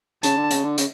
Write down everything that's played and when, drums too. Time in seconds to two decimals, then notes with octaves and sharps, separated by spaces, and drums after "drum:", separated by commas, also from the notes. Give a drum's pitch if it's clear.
0.23 C#3 A5, drum: hi-hat
0.37 D3
0.50 C#3, drum: hi-hat
0.64 D3
0.77 C#3, drum: hi-hat